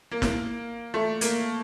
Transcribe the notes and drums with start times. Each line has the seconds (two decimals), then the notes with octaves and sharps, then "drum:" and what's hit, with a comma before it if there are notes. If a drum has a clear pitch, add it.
0.11 A#3
0.22 drum: snare
0.94 A3
1.21 A#3, drum: hi-hat